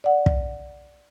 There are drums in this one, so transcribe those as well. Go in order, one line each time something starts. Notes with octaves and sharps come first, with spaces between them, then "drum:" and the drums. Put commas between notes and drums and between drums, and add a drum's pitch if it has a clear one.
D5 F#5
drum: kick